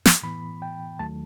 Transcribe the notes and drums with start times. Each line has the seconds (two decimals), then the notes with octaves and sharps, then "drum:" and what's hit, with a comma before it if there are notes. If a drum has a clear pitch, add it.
0.05 drum: snare
0.22 A2 E3 B3 B5
0.62 G5
0.99 D#2 D#3 F#3 A3 A5